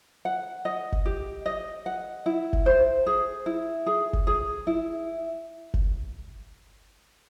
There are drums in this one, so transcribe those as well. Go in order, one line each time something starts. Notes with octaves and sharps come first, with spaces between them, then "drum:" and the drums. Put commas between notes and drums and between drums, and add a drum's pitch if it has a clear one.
F#5
D#5
drum: kick F#1
G4
D#5
F#5
E4
drum: kick F#1
C5
G#4
E4
G#4
drum: kick F#1
G#4
E4
drum: kick F#1